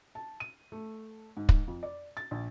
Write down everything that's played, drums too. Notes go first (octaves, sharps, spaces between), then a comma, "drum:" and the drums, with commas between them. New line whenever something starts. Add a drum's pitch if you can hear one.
A5
D#7
A3
G#2
drum: kick
F2
D5
A6
A#1